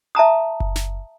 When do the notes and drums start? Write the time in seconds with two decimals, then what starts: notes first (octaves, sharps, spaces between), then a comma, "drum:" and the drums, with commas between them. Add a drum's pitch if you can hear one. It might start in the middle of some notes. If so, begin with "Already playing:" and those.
0.15 E5 A5 A#5 D#6
0.60 drum: kick F#1
0.76 drum: snare